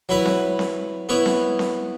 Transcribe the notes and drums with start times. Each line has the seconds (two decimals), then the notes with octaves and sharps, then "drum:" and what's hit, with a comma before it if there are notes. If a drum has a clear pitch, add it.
0.09 F#3 E4 B4
0.26 drum: snare C4
0.59 drum: snare C4
1.09 B3 E4 C#5
1.26 drum: snare C4
1.59 drum: snare C4